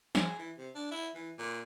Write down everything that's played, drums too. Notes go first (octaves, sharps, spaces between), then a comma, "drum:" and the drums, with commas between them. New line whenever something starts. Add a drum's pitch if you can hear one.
G#4, drum: snare
E3
C3
D4
E4
E3
A#2